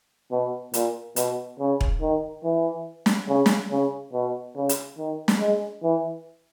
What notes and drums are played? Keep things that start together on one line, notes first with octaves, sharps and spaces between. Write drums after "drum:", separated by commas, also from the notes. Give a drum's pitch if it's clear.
B2
A#2, drum: hi-hat
B2, drum: hi-hat
C#3
drum: kick E1
D#3
E3
drum: snare
C#3
drum: snare
C#3
B2
C#3
drum: hi-hat
D#3
drum: snare
G#3
E3